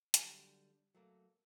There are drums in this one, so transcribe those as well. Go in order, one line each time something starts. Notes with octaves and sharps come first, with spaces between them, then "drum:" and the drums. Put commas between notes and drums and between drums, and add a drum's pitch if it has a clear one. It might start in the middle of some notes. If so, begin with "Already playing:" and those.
D3 F#3 G3 D4 G4, drum: hi-hat
F#3 A3 A#3